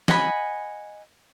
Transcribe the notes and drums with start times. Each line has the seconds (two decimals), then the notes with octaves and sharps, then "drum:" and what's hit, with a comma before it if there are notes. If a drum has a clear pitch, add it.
0.08 D#5 F#5 G#5 B5, drum: snare